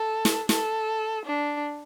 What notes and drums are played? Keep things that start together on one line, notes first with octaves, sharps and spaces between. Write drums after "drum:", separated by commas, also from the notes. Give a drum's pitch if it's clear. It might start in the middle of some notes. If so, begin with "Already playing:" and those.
Already playing: A4
drum: snare
A4, drum: snare
D4